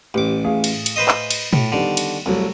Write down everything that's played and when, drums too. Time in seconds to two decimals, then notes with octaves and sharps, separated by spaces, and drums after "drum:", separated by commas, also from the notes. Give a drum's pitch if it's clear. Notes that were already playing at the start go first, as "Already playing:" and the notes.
0.14 A1 G4 D6
0.44 A2 G#4 F5
0.64 drum: cymbal
0.86 drum: cymbal
0.96 B4 C5 D#5
1.08 drum: clap
1.30 drum: cymbal
1.53 A2, drum: tom A#2
1.72 D3 D#3 G3 B3
1.97 drum: cymbal
2.26 C2 F#3 G3 A3